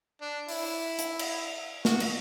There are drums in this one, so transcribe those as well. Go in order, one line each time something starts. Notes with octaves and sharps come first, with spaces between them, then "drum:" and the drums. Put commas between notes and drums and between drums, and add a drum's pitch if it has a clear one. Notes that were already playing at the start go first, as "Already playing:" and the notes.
D4
E4, drum: open hi-hat
drum: hi-hat
drum: cymbal
F#4, drum: snare
drum: cymbal